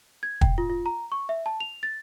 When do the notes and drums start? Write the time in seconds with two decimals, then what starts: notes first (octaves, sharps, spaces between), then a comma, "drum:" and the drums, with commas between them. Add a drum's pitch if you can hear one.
0.23 G#6
0.41 G5, drum: kick
0.58 F4
0.70 F4
0.86 A#5
1.12 C#6
1.29 E5
1.46 A5
1.60 F7
1.83 A6